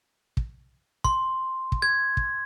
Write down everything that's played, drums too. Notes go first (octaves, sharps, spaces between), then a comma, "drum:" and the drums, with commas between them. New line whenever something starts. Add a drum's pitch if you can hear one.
drum: kick
C6, drum: kick
drum: kick
G#6
drum: kick